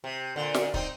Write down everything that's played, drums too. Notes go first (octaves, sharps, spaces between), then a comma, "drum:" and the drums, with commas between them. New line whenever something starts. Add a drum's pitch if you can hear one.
C3
A#2 D3
drum: snare
C4 D#4, drum: kick